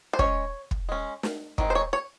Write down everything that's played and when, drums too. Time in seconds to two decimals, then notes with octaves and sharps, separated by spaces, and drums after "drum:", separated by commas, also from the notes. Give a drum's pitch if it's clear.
0.13 C5
0.19 G#3 C#4 C#5, drum: kick
0.71 drum: kick
0.89 G#3 C#4
1.23 drum: snare
1.58 D#3 G#3 C4, drum: kick
1.70 C5
1.75 C#5
1.93 C#5